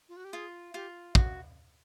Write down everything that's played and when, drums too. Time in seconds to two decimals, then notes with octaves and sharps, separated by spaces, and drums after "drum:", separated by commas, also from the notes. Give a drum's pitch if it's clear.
0.09 F4
0.17 F#4
0.25 G4
0.33 F4 G#4
0.74 F4 G4
1.15 F#4, drum: kick